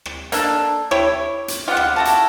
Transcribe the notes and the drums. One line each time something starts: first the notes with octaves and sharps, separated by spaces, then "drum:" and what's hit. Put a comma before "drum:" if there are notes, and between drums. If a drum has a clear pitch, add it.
drum: rim click
A#3 D4 A4, drum: hi-hat
E4 G4 C#5, drum: rim click
drum: hi-hat
C#3 B3 F4 G4 F#5
drum: rim click
E4 F#4 A4
drum: hi-hat